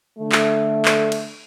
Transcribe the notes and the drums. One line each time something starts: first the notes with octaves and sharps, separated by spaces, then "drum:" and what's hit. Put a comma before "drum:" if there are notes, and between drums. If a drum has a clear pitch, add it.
D3 A3
drum: clap
drum: clap
drum: cymbal